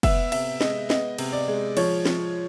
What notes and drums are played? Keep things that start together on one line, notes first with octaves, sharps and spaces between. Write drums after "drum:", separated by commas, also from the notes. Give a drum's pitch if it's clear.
B3 E5, drum: kick, cymbal
C3 E5, drum: cymbal
G#3 D#5, drum: snare
B3 D#5, drum: snare
C3, drum: cymbal
D5
G#3
F3 C#5, drum: cymbal
F3, drum: snare